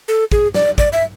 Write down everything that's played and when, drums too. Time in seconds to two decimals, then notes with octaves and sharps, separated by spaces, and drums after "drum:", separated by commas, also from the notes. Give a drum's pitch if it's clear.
0.08 A4
0.32 G#4, drum: kick
0.54 D5, drum: snare
0.78 D5, drum: kick
0.93 E5